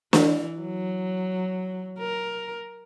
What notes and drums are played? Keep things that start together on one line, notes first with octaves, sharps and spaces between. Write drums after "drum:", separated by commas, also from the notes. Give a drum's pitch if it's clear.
E3, drum: snare
F#3
A#4